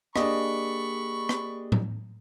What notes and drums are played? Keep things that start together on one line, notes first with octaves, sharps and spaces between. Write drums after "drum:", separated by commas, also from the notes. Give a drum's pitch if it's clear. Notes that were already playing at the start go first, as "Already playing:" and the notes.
A#3 D4 G4 G#4 D#5 B5 C#6, drum: rim click
drum: rim click
drum: tom A2